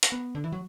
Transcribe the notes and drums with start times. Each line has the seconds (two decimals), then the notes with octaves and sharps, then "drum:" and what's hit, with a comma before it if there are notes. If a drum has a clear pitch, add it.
0.03 drum: hi-hat
0.12 B3
0.35 D3
0.44 E3
0.52 F#3